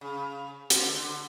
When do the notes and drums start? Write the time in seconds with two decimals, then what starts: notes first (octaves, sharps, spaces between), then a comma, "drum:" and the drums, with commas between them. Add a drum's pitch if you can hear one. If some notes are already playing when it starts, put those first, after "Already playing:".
0.01 C#3
0.70 D3, drum: hi-hat
0.93 D3